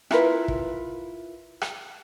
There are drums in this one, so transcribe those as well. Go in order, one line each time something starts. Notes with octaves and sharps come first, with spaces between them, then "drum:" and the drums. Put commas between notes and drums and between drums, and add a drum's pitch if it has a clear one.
E4 F4 A#4 B4, drum: rim click
drum: kick
drum: rim click